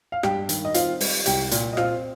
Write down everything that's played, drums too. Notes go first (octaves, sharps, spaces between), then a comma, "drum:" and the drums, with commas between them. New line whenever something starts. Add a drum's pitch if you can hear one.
F5
G2 G4 G5, drum: rim click
D#3, drum: hi-hat
D#5
C4 F4 F5, drum: hi-hat
G3, drum: open hi-hat
C2 G4 G5, drum: hi-hat
A#2, drum: hi-hat
D#5
C4 F4 F5, drum: rim click